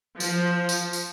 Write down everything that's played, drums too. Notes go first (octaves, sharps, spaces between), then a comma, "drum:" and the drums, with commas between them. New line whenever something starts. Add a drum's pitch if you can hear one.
F3, drum: tambourine
drum: tambourine
drum: tambourine